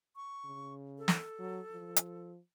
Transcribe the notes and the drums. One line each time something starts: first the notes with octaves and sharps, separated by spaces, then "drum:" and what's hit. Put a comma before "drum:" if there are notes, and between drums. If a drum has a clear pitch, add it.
C#6
C#3
A4
drum: snare
F#3
F3
drum: hi-hat